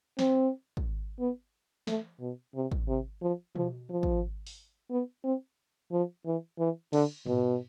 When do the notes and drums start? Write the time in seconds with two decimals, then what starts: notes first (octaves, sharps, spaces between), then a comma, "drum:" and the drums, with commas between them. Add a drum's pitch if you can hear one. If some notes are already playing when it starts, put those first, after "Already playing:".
0.19 C4, drum: snare
0.77 drum: kick
1.20 B3
1.87 A3, drum: snare
2.20 B2
2.55 C3
2.72 drum: kick
2.88 C3
3.22 F3
3.56 F3, drum: tom B2
3.90 F3
4.03 drum: kick
4.47 drum: open hi-hat
4.91 B3
5.24 C4
5.92 F3
6.26 E3
6.59 E3
6.93 D3, drum: cymbal
7.26 B2, drum: tom G#2